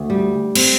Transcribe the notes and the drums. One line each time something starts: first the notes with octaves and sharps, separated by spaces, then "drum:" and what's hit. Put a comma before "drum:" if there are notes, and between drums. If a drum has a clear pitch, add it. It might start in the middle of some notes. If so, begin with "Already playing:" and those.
Already playing: D2
G3
C4, drum: cymbal